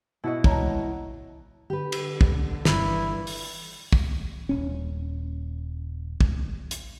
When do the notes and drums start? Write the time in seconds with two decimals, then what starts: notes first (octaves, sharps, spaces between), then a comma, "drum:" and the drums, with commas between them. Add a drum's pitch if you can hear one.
0.24 B2 E4 F#4 D#5
0.44 E2 A2 C3 G#3 C#5 A5 A#5, drum: kick
1.70 D3 G4 B4
1.92 drum: cymbal
2.21 drum: kick
2.65 G1 G2 E3 E4, drum: snare
3.27 drum: open hi-hat
3.93 drum: kick
4.49 D#1 C#4
6.21 drum: kick
6.71 drum: hi-hat